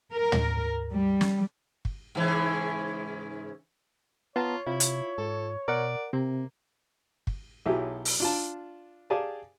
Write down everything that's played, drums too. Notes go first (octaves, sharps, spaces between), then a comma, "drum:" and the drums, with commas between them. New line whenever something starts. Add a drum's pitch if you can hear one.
A#4
drum: tom
G3
drum: snare
drum: kick
G#2 C#3 E3
B3 F4 C#5 A5 A#5
C3 E4 F4
drum: hi-hat
G#2 A4
B2 A#4 D5 F#5
C3 A#3 C4
drum: kick
B1 F#3 E4 G4 G#4
drum: open hi-hat
D4 F4 A5
G4 G#4 D5 F5 G#5 A5